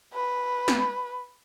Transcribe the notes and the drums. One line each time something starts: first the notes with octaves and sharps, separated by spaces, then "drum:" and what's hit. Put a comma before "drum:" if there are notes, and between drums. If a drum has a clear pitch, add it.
B4
drum: snare